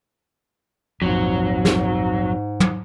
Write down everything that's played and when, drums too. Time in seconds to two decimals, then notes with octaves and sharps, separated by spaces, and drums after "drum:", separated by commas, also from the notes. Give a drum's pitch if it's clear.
1.02 A#1 F2 G#2 F#3
1.65 drum: snare
2.60 drum: tom